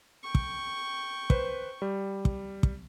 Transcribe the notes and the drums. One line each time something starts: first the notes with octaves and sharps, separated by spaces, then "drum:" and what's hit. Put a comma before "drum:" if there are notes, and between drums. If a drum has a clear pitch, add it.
G5 C#6
drum: kick
B4 C5, drum: kick
G3
drum: kick
drum: kick